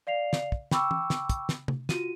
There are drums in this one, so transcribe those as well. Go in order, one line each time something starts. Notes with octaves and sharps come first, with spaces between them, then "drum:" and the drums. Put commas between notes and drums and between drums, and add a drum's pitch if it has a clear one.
D5 F5 C7 F7
drum: snare
drum: kick
G5 B5 C#6 D6 E6, drum: snare
drum: tom
drum: snare
drum: kick, hi-hat
drum: snare
drum: tom C3
F4 F#4 D#7, drum: snare